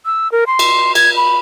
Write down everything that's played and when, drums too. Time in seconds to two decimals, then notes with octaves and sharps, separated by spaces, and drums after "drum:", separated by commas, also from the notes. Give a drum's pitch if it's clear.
0.05 E6
0.32 A#4
0.47 C6
0.59 drum: cymbal
0.95 G#6, drum: cymbal
1.16 B5